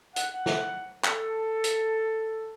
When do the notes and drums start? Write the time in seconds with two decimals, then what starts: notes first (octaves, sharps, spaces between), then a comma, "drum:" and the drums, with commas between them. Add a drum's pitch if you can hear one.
0.16 F#5, drum: hi-hat
0.46 drum: snare
1.05 A4, drum: clap
1.64 drum: hi-hat